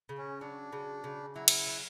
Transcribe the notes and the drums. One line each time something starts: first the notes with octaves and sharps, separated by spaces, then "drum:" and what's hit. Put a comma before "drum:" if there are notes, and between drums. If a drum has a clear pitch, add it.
C#3
C#4
F#3 D4
C#3
C#3
F#3 E4
drum: cymbal
F#3